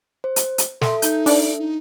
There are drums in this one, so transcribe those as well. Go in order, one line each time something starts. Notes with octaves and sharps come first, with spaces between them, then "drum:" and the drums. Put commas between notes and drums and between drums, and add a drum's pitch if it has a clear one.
C5
drum: hi-hat
drum: hi-hat
A4 E5 C6, drum: snare
D#4 G6, drum: hi-hat
D4, drum: open hi-hat
D#4